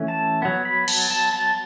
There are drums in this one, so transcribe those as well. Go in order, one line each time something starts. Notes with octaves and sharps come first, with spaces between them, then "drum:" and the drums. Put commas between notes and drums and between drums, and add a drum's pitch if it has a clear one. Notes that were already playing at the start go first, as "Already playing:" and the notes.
Already playing: E3 A3 C#4
A5
F#3 B3
B5
A5, drum: cymbal
A5
A5